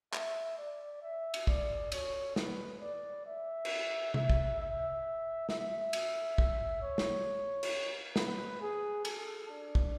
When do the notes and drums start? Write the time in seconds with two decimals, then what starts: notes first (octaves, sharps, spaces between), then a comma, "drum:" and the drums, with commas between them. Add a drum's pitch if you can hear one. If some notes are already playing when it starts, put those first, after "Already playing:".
0.13 E5, drum: clap
0.58 D5
1.02 E5
1.34 drum: cymbal
1.47 D5, drum: kick
1.92 C#5, drum: cymbal
2.36 B4, drum: snare
2.81 D5
3.26 E5
3.65 drum: cymbal
4.14 E5, drum: tom C3
4.30 drum: kick
4.60 E5
5.49 E5, drum: snare
5.93 drum: cymbal
6.38 drum: kick
6.82 C#5
6.98 drum: snare
7.63 drum: cymbal
8.16 B4, drum: snare
8.61 G#4
9.05 A4, drum: cymbal
9.49 D4
9.75 drum: kick